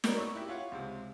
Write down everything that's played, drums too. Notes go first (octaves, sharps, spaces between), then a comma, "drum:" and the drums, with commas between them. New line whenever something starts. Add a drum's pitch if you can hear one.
D#4 F#4 A#4 B4 C#5 D5, drum: snare
C#6 E6
E4 F#4 G4 E5
F4 C#5 F#5
C#2 C3